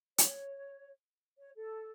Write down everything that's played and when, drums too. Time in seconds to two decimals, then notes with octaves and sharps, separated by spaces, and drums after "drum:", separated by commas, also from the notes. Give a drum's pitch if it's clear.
0.18 C#5, drum: hi-hat
1.38 C#5
1.56 A4